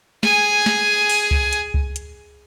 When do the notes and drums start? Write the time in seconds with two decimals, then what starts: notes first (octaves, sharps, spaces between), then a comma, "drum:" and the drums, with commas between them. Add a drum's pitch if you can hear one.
0.23 G#4 G#5, drum: snare
0.66 drum: snare
1.09 drum: open hi-hat
1.31 drum: kick C#2
1.53 drum: hi-hat
1.74 drum: kick C#2
1.96 drum: hi-hat